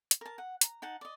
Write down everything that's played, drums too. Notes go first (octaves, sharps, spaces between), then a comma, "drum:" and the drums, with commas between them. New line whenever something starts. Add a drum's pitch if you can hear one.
drum: hi-hat
A#4 A5
F#5
A#5, drum: hi-hat
D#4 F#5 A5
D5 D#5